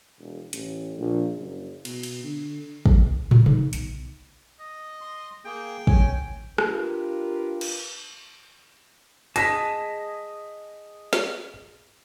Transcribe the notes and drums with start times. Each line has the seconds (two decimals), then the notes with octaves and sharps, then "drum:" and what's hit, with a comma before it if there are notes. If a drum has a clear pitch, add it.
0.19 E1
0.53 A1, drum: hi-hat
0.98 A#1
1.36 F#1
1.85 B2, drum: cymbal
2.03 drum: cymbal
2.24 D3
2.86 drum: kick
3.31 C#3, drum: tom
3.46 D#4, drum: tom C3
3.73 B1, drum: hi-hat
4.60 D#5
5.01 C6
5.45 A#3 G#4 G5
5.87 C#4 G#5, drum: kick
6.58 D4 F4 G4 A#4 B4, drum: rim click
7.61 drum: cymbal
9.36 G#4 D#5 A5 A#6 B6 E7, drum: hi-hat
11.13 drum: snare